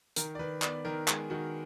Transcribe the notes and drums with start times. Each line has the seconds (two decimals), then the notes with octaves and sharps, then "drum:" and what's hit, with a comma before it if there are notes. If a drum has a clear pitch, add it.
0.16 D#3 A#4, drum: hi-hat
0.35 D5
0.39 D#3 B4
0.62 B3 D5, drum: clap
0.85 D#3 A#4
1.08 G#3 G#4, drum: clap
1.30 D#3 F#4